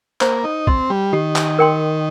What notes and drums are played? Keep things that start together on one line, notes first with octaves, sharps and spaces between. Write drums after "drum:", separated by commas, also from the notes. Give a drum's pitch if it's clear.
A#3 C5, drum: clap
D#4
C4 D#5 C6, drum: kick
G3
D#3 G4
drum: clap
A#4 G5 C6